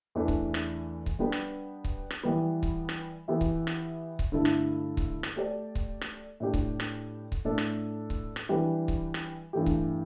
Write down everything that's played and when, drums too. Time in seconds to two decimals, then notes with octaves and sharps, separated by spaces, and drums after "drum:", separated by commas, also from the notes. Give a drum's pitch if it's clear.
0.15 E2 E3 A3 D4
0.28 drum: kick C#1
0.54 drum: rim click
1.06 drum: kick C#1
1.19 G3 B3 D4 G4 B4
1.32 drum: rim click
1.84 drum: kick C#1
2.11 drum: rim click
2.23 E3 G3 B3
2.63 drum: kick C#1
2.89 drum: rim click
3.28 E3 B3 G4 E5
3.41 drum: kick C#1
3.67 drum: rim click
4.19 drum: kick C#1
4.32 G2 D3 A3 E4 A4
4.45 drum: rim click
4.97 drum: kick C#1
5.23 drum: rim click
5.36 A3 G4 D5
5.75 drum: kick C#1
6.01 drum: rim click
6.40 A2 A3 D4 G4
6.54 drum: kick C#1
6.80 drum: rim click
7.32 drum: kick C#1
7.45 A2 A3 D4 A4
7.58 drum: rim click
8.10 drum: kick C#1
8.36 drum: rim click
8.49 E3 G3 D4 G4 B4
8.88 drum: kick C#1
9.14 drum: rim click
9.53 G2 E3 A3 G4
9.66 drum: kick C#1